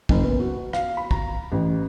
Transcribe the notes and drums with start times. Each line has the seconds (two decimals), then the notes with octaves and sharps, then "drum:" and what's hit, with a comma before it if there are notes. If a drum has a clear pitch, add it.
0.09 F#1, drum: kick
0.23 B3
0.40 F#4
0.73 F5, drum: rim click
0.97 B5
1.11 A#5, drum: kick
1.52 A1